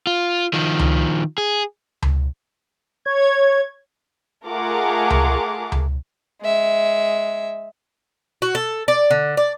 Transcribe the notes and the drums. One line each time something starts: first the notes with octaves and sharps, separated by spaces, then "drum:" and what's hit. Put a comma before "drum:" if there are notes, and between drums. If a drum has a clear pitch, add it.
F4
D#3 F3
drum: tom C#2
G#4
drum: tom C#2
C#5 G#6
A3 F4 G#4 A#4 F#5 D6
drum: tom C#2
drum: tom C#2
G#3 E5
F#4
A4
D5
D3
D5